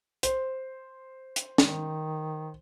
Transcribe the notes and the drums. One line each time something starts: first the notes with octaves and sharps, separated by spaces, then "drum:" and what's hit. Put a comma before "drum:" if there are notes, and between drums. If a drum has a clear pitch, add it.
C5, drum: hi-hat
drum: hi-hat
D#3, drum: snare